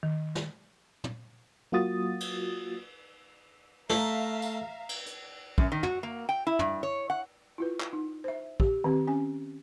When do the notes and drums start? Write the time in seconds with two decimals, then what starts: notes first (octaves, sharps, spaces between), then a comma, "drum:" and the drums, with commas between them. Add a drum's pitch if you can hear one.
0.03 D#3
0.35 drum: snare
1.04 drum: tom
1.72 F#3 A#3 F4 F#4 D#6 A6
2.20 drum: cymbal
3.90 A3 E5 F5 A#5, drum: snare
4.42 drum: tambourine
4.89 drum: cymbal
5.06 drum: hi-hat
5.58 F#2, drum: kick
5.72 D#3
5.83 F#4, drum: tom
6.03 A#3
6.29 G5
6.47 E4
6.59 G2, drum: tom
6.83 C#5
7.10 F#5
7.58 E4 F4 B4
7.80 drum: clap
7.93 D#4
8.24 C5 E5
8.60 G4, drum: kick
8.84 D#3 C4 G4
9.07 C#4 G#5